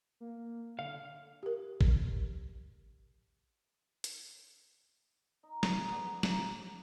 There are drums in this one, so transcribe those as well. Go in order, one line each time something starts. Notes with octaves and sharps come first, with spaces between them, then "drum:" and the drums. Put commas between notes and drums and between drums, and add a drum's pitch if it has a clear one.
A#3
D3 F5
G4 A#4
drum: kick G#1
drum: hi-hat
D#4
drum: snare
G#4 A#4
B3 D4 F#5
A#5, drum: snare